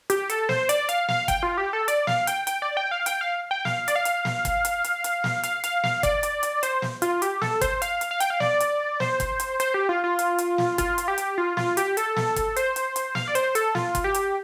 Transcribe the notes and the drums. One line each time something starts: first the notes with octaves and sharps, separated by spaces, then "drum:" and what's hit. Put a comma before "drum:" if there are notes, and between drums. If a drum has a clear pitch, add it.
G4, drum: hi-hat
A4, drum: hi-hat
C5, drum: snare
D5, drum: hi-hat
F5, drum: hi-hat
F5, drum: snare
G5, drum: kick, hi-hat
F4
G4
A4
D5, drum: hi-hat
F5, drum: snare
G5, drum: hi-hat
G5, drum: hi-hat
D5
G5
F5
G5, drum: hi-hat
F5
G5
F5, drum: snare
D5, drum: hi-hat
F5
drum: hi-hat
drum: snare
drum: kick, hi-hat
drum: hi-hat
drum: hi-hat
drum: hi-hat
drum: snare
F5, drum: hi-hat
F5, drum: hi-hat
F5, drum: snare
D5, drum: kick, hi-hat
drum: hi-hat
drum: hi-hat
C5, drum: hi-hat
drum: snare
F4, drum: hi-hat
G4, drum: hi-hat
A4, drum: snare
C5, drum: kick, hi-hat
F5, drum: hi-hat
drum: hi-hat
F5
G5, drum: hi-hat
F5
D5, drum: snare
drum: hi-hat
C5, drum: snare
drum: kick, hi-hat
drum: hi-hat
C5, drum: hi-hat
G4
F4
F4
drum: hi-hat
drum: hi-hat
drum: snare
F4, drum: kick, hi-hat
drum: hi-hat
G4
drum: hi-hat
F4
F4, drum: snare
G4, drum: hi-hat
A4, drum: hi-hat
drum: snare
drum: kick, hi-hat
C5, drum: hi-hat
drum: hi-hat
drum: hi-hat
F5, drum: snare
D5
C5, drum: hi-hat
A4, drum: hi-hat
F4, drum: snare
drum: kick, hi-hat
G4
drum: hi-hat